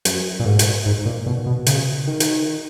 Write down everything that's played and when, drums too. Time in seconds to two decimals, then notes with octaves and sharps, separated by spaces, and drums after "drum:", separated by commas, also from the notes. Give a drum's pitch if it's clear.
0.05 F#2, drum: hi-hat
0.40 A#2
0.45 G#2
0.59 drum: hi-hat
0.86 G#2
1.06 A#2
1.26 B2
1.46 B2
1.66 C#3, drum: hi-hat
2.07 D#3
2.20 drum: hi-hat